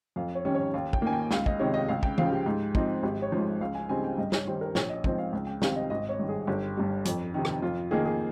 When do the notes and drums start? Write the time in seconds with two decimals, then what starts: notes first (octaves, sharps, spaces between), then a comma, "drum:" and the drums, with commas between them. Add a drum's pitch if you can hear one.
0.16 F2 F5
0.35 C#5
0.45 D#3 G3 C#4
0.55 C#5
0.74 D#2 F5
0.93 G5, drum: kick
1.02 D#3 A#3 G#5
1.13 G5
1.31 C#2 F5, drum: snare
1.46 D#5, drum: kick
1.59 C3 D#3 G#3 D#4 C#5
1.74 D#5
1.88 C#2 F5
2.03 G5, drum: kick
2.18 C#3 F3 F5, drum: tom
2.31 G4
2.46 G#2
2.75 F3 C4 D#4, drum: kick
3.03 G#1 G4
3.22 C#5
3.32 G#2 F3
3.61 C#2 F5
3.75 G#5
3.89 C#3 G3 C4 D#4 G#5
4.04 G5
4.18 G2 D#5
4.32 C#5, drum: snare
4.47 D#3 G3 C5
4.61 A#4
4.75 A#1 C#5, drum: snare
4.90 D#5
5.04 G#2 F3 C4 D#4 D#5, drum: kick
5.18 F5
5.33 C#2
5.47 G5
5.62 C3 D#3 G3 C4 F5, drum: snare
5.76 D#5
5.90 G#1 D#5
6.09 C#5
6.19 G2 D#3
6.29 G#4
6.47 G1 G4
6.77 G2 G3
7.05 F2, drum: hi-hat
7.34 C3 D#3
7.45 drum: rim click
7.62 F2 F4
7.91 D#3 A#3 D#4 G#4
8.06 G#4